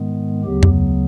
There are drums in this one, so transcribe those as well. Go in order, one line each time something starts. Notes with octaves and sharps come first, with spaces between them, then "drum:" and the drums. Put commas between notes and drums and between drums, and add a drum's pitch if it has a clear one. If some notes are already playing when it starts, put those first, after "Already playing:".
Already playing: G#2 D#3 G#3 B3
D2 C#3 F#3 B3 G4
drum: tom F2